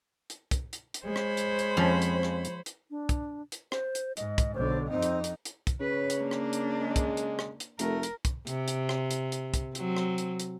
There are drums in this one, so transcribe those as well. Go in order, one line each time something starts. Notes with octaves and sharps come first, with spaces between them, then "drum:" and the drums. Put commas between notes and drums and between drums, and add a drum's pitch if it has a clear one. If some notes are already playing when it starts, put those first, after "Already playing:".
drum: hi-hat
drum: kick, hi-hat
drum: hi-hat
drum: hi-hat
G#3 C5 C#5 B5
drum: rim click
drum: hi-hat
drum: hi-hat
F2 F3 C#4 G#5
drum: hi-hat
drum: rim click
drum: hi-hat
drum: hi-hat
D4
drum: kick, hi-hat
drum: hi-hat
C5, drum: rim click
drum: hi-hat
G#2 D#5, drum: hi-hat
drum: kick, hi-hat
B1 D3 C5
F2 C4 D#4
drum: hi-hat
drum: hi-hat
drum: hi-hat
drum: kick, hi-hat
C#3 B4 C#5
drum: hi-hat
A#3 D4
drum: rim click
drum: hi-hat
G#3
drum: kick, hi-hat
drum: hi-hat
drum: rim click
drum: hi-hat
F1 A3 A#4, drum: hi-hat
drum: hi-hat
drum: kick, hi-hat
C3, drum: hi-hat
drum: hi-hat
drum: rim click
drum: hi-hat
drum: hi-hat
drum: kick, hi-hat
F#3 C4, drum: hi-hat
drum: rim click
drum: hi-hat
drum: hi-hat